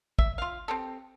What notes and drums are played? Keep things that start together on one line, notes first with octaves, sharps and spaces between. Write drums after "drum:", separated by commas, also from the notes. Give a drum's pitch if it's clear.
E5, drum: kick
F4 F5
C4 G4 A4